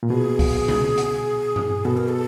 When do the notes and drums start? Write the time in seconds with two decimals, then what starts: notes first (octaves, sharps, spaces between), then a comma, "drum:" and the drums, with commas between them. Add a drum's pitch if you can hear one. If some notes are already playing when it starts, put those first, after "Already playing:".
0.03 A#2
0.10 B2 G#4
0.39 drum: kick, open hi-hat
0.68 drum: tom
0.98 drum: hi-hat
1.56 drum: tom G2
1.85 B2 A4
1.97 A#4
2.08 A4